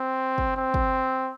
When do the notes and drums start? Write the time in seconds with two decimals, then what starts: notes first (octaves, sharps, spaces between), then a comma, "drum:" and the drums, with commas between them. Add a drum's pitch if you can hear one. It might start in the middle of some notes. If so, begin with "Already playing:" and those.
Already playing: C4
0.38 drum: kick
0.57 C4
0.74 drum: kick